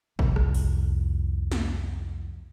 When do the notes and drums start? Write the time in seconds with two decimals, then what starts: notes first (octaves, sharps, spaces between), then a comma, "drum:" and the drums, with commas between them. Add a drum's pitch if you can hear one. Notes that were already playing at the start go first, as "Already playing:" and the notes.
0.19 C2 F2, drum: kick
0.36 drum: rim click
0.55 drum: open hi-hat
1.51 drum: snare